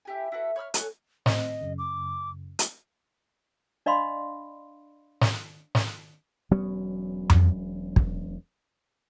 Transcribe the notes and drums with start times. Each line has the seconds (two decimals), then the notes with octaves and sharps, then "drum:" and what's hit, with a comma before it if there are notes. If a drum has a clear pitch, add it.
0.05 E4 G4 G#5
0.32 E4 F#4 A4 B4
0.56 C#5 B5 E6 F6
0.74 A4 C#5 F#5 G#5, drum: hi-hat
1.26 A2 C4 D#5, drum: snare
1.61 F#2 C#3
1.78 D6
2.59 drum: hi-hat
3.86 D4 D5 D#5 F5 B5 C6
5.21 drum: snare
5.75 drum: snare
6.51 E1 F#3 B3 C#4
7.30 drum: tom F2
7.96 drum: kick